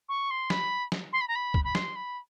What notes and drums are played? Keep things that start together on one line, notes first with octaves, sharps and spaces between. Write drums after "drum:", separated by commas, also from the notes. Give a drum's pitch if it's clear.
C#6
C6
B5, drum: snare
drum: snare
C6
B5
A#5
B5
drum: kick
B5
C6, drum: snare
B5